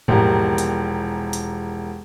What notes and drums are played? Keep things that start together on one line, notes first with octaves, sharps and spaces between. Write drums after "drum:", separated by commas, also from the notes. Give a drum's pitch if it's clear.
E1 A#1 G4 A#4, drum: tom G#2
drum: hi-hat
drum: hi-hat